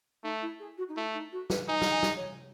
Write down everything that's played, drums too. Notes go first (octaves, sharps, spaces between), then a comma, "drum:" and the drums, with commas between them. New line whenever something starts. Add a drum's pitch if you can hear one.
A3 D#4
E4
G#4
F#4
D#4
A3 E4
D#4
F#4
B4, drum: snare
D#4 G#5
F#5, drum: snare
G#5
drum: snare
C#5